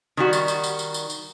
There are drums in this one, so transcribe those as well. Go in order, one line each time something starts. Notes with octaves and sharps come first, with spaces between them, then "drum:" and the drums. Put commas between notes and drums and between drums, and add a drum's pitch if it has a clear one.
D#3 G3 F#4
drum: tambourine
drum: tambourine
drum: tambourine
drum: tambourine
drum: tambourine
drum: tambourine